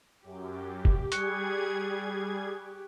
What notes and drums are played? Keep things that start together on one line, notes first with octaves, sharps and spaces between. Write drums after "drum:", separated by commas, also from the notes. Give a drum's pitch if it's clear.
F#2 G4
drum: kick
G3 G#4 C#6 F#6 G#6 C#7, drum: hi-hat